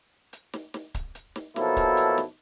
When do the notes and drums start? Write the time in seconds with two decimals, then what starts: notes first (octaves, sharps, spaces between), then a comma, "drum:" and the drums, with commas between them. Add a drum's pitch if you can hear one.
0.33 drum: hi-hat
0.53 drum: snare
0.74 drum: snare
0.95 drum: kick C#1, hi-hat
1.15 drum: hi-hat
1.36 drum: snare
1.56 B2 F3 F#3 A#3 E4 A4, drum: snare
1.77 drum: kick C#1, hi-hat
1.97 drum: hi-hat
2.18 drum: snare